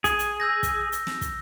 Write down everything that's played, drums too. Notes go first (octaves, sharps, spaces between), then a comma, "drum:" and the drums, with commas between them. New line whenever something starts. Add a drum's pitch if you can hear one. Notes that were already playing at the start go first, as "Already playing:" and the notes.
G#4, drum: kick, hi-hat
drum: hi-hat
E6 G6 A#6
drum: kick, hi-hat
drum: hi-hat
drum: snare
drum: kick, hi-hat